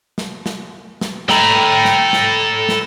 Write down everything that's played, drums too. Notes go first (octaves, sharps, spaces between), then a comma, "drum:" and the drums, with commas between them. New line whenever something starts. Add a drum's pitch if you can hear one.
drum: snare
drum: snare
drum: snare
A4 G5 A#5 B5, drum: snare
drum: snare
drum: snare
drum: snare